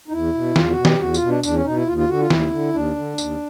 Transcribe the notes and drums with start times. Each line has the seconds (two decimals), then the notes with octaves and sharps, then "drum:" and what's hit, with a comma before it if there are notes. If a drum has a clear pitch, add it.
0.08 D#4
0.12 E2 E4
0.34 B2
0.56 E2 F4, drum: snare
0.70 F#4
0.78 B2
0.85 G4, drum: snare
0.99 E2 F#4
1.14 F4, drum: tambourine
1.22 B2
1.29 D4
1.43 E2 D4, drum: tambourine
1.54 C#4
1.65 B2 D#4
1.76 E4
1.87 D#2 F4
1.98 F4
2.09 D3 F#4
2.20 F4
2.30 D#2 E4, drum: snare
2.52 D3
2.74 D#2 D4
2.96 D3
3.18 D#2, drum: tambourine